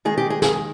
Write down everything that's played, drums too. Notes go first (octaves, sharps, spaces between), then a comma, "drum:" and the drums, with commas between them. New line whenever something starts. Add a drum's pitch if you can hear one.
D#3 G#3 G#4
G4
G#4
G#4, drum: snare